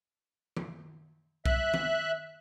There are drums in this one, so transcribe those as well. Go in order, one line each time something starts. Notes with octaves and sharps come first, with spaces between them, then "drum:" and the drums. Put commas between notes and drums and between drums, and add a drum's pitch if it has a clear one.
drum: tom D#3
E5 F#6, drum: kick
drum: tom D#3